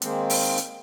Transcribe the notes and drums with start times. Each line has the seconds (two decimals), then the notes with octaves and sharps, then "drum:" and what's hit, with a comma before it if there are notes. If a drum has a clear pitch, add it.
0.02 D#3 G#3 A#3 C4, drum: hi-hat
0.30 drum: open hi-hat
0.58 drum: hi-hat